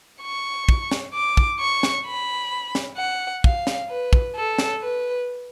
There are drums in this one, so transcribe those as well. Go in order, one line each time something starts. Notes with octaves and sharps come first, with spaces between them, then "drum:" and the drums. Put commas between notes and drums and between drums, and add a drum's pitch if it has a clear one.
C#6
drum: kick
drum: snare
D6
drum: kick
C#6
drum: snare
B5
drum: snare
F#5
F5, drum: kick
drum: snare
B4
drum: kick
A4
drum: snare
B4